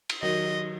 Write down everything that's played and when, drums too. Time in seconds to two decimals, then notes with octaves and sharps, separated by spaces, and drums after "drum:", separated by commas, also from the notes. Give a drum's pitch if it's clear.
0.09 drum: cymbal
0.22 D#3 F#3 D#5